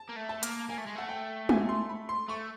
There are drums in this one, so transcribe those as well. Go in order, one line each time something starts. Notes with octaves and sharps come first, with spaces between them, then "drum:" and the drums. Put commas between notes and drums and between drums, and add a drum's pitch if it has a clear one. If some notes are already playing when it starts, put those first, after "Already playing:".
Already playing: A5
A#3
A3
A5
A#3, drum: hi-hat
A#3 G#5
A3
G#3
A3 F#5
G5
G#5, drum: tom G#3
C6
B5
C6
A3 C#6